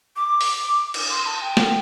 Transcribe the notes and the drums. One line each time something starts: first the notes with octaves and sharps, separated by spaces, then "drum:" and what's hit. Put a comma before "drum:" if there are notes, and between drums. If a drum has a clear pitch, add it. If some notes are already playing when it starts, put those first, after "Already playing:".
D6
drum: open hi-hat
drum: cymbal
C6
A5
G5
drum: snare